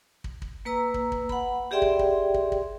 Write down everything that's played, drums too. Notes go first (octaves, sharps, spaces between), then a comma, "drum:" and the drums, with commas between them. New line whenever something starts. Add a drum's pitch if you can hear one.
drum: kick
drum: kick
A#3 B4 A#5 E6
drum: kick
drum: kick
F#5 B5, drum: kick
G4 G#4 D5 E5 G5 C6
drum: kick
drum: kick
drum: kick
drum: kick